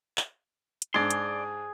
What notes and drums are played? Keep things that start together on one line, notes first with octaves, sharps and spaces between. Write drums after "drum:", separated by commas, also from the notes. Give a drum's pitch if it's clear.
drum: clap
drum: hi-hat
G#2 D4 G#4 D5 C6
drum: hi-hat